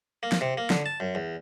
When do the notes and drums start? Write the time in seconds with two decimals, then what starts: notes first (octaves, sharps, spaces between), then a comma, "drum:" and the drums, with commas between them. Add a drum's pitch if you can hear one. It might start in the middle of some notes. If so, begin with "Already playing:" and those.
0.23 A#3
0.32 drum: snare
0.41 C3
0.58 A#3
0.70 D3, drum: snare
0.86 A5
1.00 F#2
1.15 E2